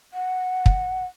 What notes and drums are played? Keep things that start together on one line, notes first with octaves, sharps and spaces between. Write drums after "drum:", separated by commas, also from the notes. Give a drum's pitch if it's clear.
F#5
drum: kick